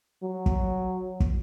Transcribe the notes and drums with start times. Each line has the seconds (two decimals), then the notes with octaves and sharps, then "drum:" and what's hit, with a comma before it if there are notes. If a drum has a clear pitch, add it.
0.22 F#3
0.46 drum: kick
1.20 drum: kick